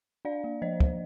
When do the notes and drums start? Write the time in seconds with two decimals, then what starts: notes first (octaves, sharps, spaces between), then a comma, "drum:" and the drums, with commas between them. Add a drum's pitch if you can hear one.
0.25 D4 D5 F5
0.44 A#3
0.62 F3 C5 D#5
0.80 F3, drum: kick